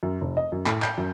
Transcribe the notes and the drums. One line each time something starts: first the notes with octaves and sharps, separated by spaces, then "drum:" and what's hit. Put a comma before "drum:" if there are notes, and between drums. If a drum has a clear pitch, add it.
F#2
F1
D#5
F#2
A2, drum: clap
G6, drum: clap
F#2